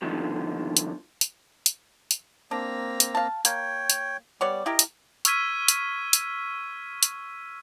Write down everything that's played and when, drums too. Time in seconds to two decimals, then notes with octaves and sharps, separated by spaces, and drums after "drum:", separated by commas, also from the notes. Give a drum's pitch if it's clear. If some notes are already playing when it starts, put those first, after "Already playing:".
0.02 G2 B2 D3 D#3 F3
0.77 drum: hi-hat
1.21 drum: hi-hat
1.66 drum: hi-hat
2.11 drum: hi-hat
2.51 A#3 C4 D4 A#5
3.00 drum: hi-hat
3.15 F5 A5
3.45 A#3 C#5 G5, drum: hi-hat
3.90 drum: hi-hat
4.41 G3 B3 C#5 D5
4.66 E4 G4 A#4 D#5
4.79 drum: hi-hat
5.25 C#6 E6 F6 G#6 B6 D#7, drum: hi-hat
5.68 drum: hi-hat
6.13 drum: hi-hat
7.03 drum: hi-hat